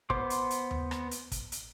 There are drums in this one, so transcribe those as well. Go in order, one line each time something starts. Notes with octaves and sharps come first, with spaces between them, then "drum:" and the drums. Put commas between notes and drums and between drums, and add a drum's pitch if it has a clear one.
B3 C5 C6 D6, drum: kick
drum: hi-hat
drum: hi-hat
drum: tom D#2
drum: rim click
drum: hi-hat
drum: kick, hi-hat
drum: hi-hat